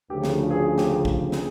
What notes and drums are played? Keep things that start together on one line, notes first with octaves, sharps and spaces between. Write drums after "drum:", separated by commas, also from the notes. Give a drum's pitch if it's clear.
D2 C#3 F3 G4
drum: snare
G#4
G#4
G4, drum: snare
G4
drum: kick
G#4, drum: snare